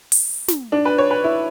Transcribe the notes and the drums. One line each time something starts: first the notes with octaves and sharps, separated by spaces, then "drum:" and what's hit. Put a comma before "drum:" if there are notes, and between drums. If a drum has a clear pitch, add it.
drum: open hi-hat
drum: snare
D4
B4
C#5
B4
E4